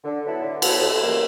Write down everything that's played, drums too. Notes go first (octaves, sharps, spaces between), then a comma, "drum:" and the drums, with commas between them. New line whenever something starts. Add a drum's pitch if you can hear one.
D3
F#3 B3 E4 A4
D3
F#3 B3 E4 A4, drum: cymbal
F2
C#3 E3 G3 A#3